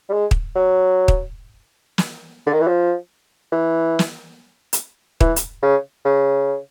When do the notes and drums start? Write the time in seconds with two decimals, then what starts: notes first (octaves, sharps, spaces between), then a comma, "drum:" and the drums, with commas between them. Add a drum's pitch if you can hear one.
0.09 G3
0.13 G#3
0.31 drum: kick
0.55 F#3
1.08 drum: kick
1.98 drum: snare
2.46 D3
2.53 D#3
2.61 E3
2.68 F3
3.52 E3
3.99 drum: snare
4.73 drum: hi-hat
5.20 E3, drum: kick
5.36 drum: hi-hat
5.63 C#3
6.05 C#3